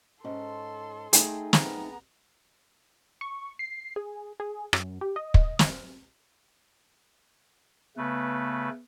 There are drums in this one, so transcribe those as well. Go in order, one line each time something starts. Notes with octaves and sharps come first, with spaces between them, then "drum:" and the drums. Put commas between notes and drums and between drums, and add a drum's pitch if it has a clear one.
G#2 C#4 A4 C6
A3 D#4 G#4 G5, drum: hi-hat
B3 A#5, drum: snare
C#6
C7
G#4
G#4
F#2, drum: rim click
G4
D#5
drum: kick
drum: snare
C#3 A3 B3 B4